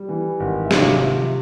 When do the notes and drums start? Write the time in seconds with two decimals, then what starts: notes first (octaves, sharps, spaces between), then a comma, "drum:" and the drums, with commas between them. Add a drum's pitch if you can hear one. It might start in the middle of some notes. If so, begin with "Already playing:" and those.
Already playing: G3
0.09 E3
0.40 G#1
0.65 E5
0.71 C3 F5, drum: snare
1.02 F3 E5